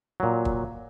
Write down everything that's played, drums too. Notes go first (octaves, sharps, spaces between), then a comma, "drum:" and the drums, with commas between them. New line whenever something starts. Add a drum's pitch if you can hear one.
A#2 F#3
drum: kick